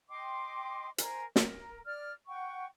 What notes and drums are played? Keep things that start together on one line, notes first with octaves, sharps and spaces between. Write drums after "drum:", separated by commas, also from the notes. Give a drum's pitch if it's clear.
D#5 G5 C6 D6
A#4 C5 G#5, drum: hi-hat
A#4, drum: snare
D5 F6
F#5 G5 C#6